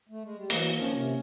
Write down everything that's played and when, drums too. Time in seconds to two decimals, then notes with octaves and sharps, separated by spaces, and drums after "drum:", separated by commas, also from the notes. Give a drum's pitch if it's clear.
0.09 A3
0.23 G#3
0.36 G3
0.50 E3 F#3 A#3, drum: open hi-hat
0.71 D#3 F3
0.82 C#4
0.92 C3